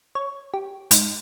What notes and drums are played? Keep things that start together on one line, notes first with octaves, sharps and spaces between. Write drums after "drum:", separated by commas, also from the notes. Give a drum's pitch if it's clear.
C#5
G4
G#2, drum: hi-hat